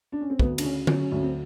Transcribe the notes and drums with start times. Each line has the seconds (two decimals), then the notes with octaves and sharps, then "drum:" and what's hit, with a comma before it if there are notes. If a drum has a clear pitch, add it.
0.12 D4
0.21 C#4
0.30 C4
0.39 D2 B3, drum: kick
0.58 D4, drum: cymbal
0.63 C#3 C#4
0.87 F#3 C#4, drum: tom
0.99 C#4
1.11 D2 C#4
1.23 C4